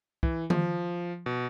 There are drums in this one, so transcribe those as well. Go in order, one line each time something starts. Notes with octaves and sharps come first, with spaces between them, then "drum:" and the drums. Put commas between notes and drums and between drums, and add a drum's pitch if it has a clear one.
E3, drum: kick
F3, drum: tom D#3
B2